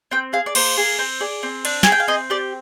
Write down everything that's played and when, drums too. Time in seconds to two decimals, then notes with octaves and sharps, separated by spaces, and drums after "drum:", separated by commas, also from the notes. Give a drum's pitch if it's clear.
0.11 C4 G5
0.33 G#4 F5
0.46 D5
0.55 A#3 C5, drum: cymbal
0.77 G#4
0.99 C4
1.20 G#4 D5
1.43 C4
1.65 D4, drum: cymbal
1.83 G#4 G#5, drum: snare
1.92 G5
2.00 F5
2.08 C4 D#5
2.30 G4 D5